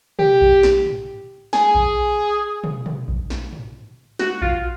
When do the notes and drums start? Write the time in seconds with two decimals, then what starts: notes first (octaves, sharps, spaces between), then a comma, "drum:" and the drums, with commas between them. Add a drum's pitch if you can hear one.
0.19 G4, drum: tom
0.41 drum: kick A#1
0.63 drum: snare
0.86 drum: tom
1.53 G#4, drum: snare
1.75 drum: kick A#1
2.64 drum: tom
2.86 drum: tom
3.08 drum: kick A#1
3.30 drum: snare
3.53 drum: tom
4.19 F#4, drum: snare
4.42 F4, drum: kick A#1